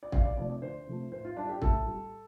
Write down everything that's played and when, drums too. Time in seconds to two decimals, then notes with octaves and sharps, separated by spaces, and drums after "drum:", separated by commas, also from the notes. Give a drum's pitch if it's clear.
0.03 D5
0.12 D2 F5, drum: kick
0.25 D5
0.37 C3 F3 A3 D5
0.50 D5
0.62 D2 C5
0.87 C3 F3 A3
1.12 A2 C5
1.25 F4
1.37 G3 D4
1.49 G4
1.62 A2 A4, drum: kick
1.86 G3